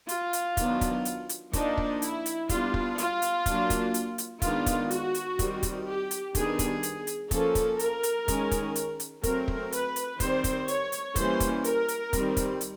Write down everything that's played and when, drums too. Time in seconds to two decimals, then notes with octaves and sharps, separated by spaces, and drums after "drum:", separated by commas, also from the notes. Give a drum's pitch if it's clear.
0.09 F4, drum: hi-hat
0.33 drum: hi-hat
0.57 D#3 F#3 B3 D4, drum: kick, hi-hat
0.81 drum: kick, hi-hat
1.05 drum: hi-hat
1.29 drum: hi-hat
1.53 F3 A#3 D4 D#4, drum: kick, hi-hat
1.77 drum: kick
2.02 E4, drum: hi-hat
2.26 drum: hi-hat
2.49 G3 B3 D4 F4, drum: kick, hi-hat
2.74 drum: kick
2.98 F4, drum: hi-hat
3.22 drum: hi-hat
3.46 F#3 A#3 D4, drum: kick, hi-hat
3.70 drum: kick, hi-hat
3.94 drum: hi-hat
4.18 drum: hi-hat
4.42 D#3 G#3 B3 D4 F4, drum: kick, hi-hat
4.66 drum: kick, hi-hat
4.91 F#4, drum: hi-hat
5.14 drum: hi-hat
5.39 D#3 G3 C4, drum: kick, hi-hat
5.63 drum: kick, hi-hat
5.87 G4
6.11 drum: hi-hat
6.35 D#3 G3 B3 D4 G#4, drum: kick, hi-hat
6.59 drum: kick, hi-hat
6.83 drum: hi-hat
7.07 drum: hi-hat
7.31 F3 A#3 C#4 A4, drum: kick, hi-hat
7.55 drum: kick, hi-hat
7.79 A#4, drum: hi-hat
8.03 drum: hi-hat
8.28 D#3 G#3 C#4, drum: kick, hi-hat
8.51 drum: kick, hi-hat
8.76 drum: hi-hat
9.00 drum: hi-hat
9.23 F#3 A3 C4 A#4, drum: kick, hi-hat
9.48 drum: kick
9.72 B4, drum: hi-hat
9.96 drum: hi-hat
10.20 D#3 G3 C4 C5, drum: kick, hi-hat
10.44 drum: kick, hi-hat
10.68 C#5, drum: hi-hat
10.92 drum: hi-hat
11.16 E3 G3 A#3 C#4 C5, drum: kick, hi-hat
11.40 drum: kick, hi-hat
11.64 A#4, drum: hi-hat
11.88 drum: hi-hat
12.13 D#3 G3 C4, drum: kick, hi-hat
12.37 drum: kick, hi-hat
12.61 drum: hi-hat